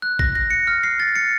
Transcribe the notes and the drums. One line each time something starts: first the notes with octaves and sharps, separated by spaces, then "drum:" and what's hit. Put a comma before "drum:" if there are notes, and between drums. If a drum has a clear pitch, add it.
F#6
A#6, drum: kick
A#6
C#7
F6
C7
A6
C#7